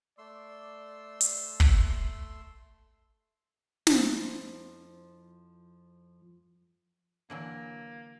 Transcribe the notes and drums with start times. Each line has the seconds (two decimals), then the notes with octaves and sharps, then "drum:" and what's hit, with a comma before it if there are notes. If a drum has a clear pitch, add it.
0.18 A3 D5 C6 E6
1.21 drum: hi-hat
1.60 drum: kick
3.87 F2 F3 E4, drum: snare
7.30 D3 E3 F#3 A#3